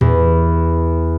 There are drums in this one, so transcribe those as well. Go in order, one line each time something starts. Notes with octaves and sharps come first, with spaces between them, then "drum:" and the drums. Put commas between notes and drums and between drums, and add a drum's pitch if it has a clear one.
E2, drum: tom A2